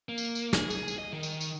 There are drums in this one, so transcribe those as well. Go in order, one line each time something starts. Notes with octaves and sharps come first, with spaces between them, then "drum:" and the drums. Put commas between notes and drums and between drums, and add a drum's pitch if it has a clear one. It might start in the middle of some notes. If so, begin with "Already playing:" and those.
A#3
drum: tambourine
drum: tambourine
G#4, drum: snare
drum: tambourine
drum: tambourine
D#5
D#3
drum: tambourine
drum: tambourine